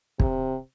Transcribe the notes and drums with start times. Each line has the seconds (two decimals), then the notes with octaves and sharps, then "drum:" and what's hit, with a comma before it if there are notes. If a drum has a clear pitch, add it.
0.20 C3, drum: kick